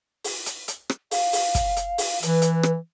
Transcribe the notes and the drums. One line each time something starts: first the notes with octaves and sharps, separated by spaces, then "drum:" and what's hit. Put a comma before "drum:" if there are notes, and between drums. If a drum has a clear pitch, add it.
drum: open hi-hat
drum: hi-hat
drum: hi-hat
drum: rim click
F5, drum: open hi-hat
drum: open hi-hat
drum: kick, hi-hat
drum: hi-hat
drum: open hi-hat
E3 B4, drum: hi-hat
drum: hi-hat
drum: rim click